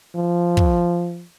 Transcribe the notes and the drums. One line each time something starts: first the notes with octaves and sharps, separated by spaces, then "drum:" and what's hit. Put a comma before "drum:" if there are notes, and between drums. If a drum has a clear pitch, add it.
F3
drum: kick